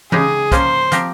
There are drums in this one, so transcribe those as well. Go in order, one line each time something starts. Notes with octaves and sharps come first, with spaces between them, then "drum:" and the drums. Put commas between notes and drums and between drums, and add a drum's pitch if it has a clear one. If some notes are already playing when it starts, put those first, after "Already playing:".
C#3 G#3 D#4 G4 G#4, drum: tom E3
F3 A#3 C#4 C5, drum: kick, hi-hat
F3 C4 G4 A#4, drum: hi-hat